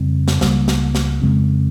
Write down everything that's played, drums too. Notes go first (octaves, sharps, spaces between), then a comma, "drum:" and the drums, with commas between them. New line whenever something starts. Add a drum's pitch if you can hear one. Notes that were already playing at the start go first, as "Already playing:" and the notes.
Already playing: F2 C#3 G3 C4
drum: snare
C#2 C#3 G3 A#3, drum: snare
drum: snare
drum: snare
F2 C#3 G#3 C4